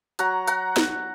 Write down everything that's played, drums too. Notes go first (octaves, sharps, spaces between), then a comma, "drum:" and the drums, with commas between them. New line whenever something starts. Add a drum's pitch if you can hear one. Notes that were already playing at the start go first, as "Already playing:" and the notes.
F#3 F#5 A#5, drum: hi-hat
F#5 A#5, drum: hi-hat
drum: snare D#4